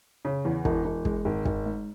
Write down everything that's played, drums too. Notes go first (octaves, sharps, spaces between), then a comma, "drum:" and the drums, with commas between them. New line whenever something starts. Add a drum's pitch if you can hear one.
C#3
E2
E1, drum: kick
E1
G#3, drum: kick
G#1
G#1, drum: kick
G#2